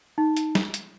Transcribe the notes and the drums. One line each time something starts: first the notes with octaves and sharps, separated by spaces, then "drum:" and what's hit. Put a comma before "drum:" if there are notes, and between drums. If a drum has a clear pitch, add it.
D#4
drum: hi-hat
drum: snare
drum: hi-hat